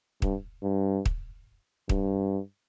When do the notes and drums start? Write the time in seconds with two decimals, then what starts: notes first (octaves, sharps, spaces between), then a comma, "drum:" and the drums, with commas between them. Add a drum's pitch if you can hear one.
0.22 G2, drum: kick
0.63 G2
1.05 drum: kick
1.89 G2, drum: kick